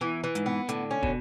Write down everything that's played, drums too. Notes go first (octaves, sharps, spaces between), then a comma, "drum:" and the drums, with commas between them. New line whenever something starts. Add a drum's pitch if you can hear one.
E2 E3
E3
G#2, drum: hi-hat
B3
A2 D3, drum: hi-hat
C#4
B2, drum: kick